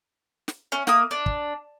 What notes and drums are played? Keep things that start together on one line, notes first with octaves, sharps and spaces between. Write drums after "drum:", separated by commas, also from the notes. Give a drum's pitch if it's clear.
drum: snare
C#4
A#3 D#6, drum: snare
D4
drum: kick